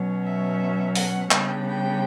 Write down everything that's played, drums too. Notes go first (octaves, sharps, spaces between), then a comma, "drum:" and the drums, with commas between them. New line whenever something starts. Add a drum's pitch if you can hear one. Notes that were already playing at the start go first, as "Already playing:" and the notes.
Already playing: B2 F#3 C#4
E5
F#5, drum: open hi-hat
C#3 G3 B3 D4 G5, drum: clap
G5